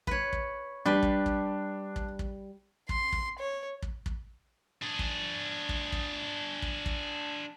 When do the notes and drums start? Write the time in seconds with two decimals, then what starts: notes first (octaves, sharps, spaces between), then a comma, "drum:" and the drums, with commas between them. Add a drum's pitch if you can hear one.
0.07 B4 C#5, drum: kick
0.33 drum: kick
0.86 G3 D4 B4
1.03 drum: kick
1.26 drum: kick
1.96 drum: kick
2.19 drum: kick
2.89 C6, drum: kick
3.12 drum: kick
3.39 C#5
3.82 drum: kick
4.06 drum: kick
4.82 D4 G#4
4.99 drum: kick
5.69 drum: kick
5.92 drum: kick
6.62 drum: kick
6.86 drum: kick